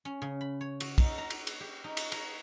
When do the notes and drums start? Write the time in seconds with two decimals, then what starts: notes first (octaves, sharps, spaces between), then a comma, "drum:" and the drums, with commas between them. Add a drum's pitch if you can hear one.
0.05 C#4
0.22 C#3
0.41 B5
0.61 C#5
0.80 F#4, drum: cymbal
0.98 D#4, drum: kick, cymbal
1.18 A#5
1.30 drum: cymbal
1.47 drum: cymbal
1.60 G4
1.84 D#4
1.97 drum: cymbal
2.12 A#5, drum: cymbal